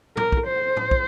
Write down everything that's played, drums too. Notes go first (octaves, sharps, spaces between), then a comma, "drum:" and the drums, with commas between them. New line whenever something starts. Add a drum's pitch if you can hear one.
A#4, drum: tom
drum: kick
C5
drum: tom
drum: kick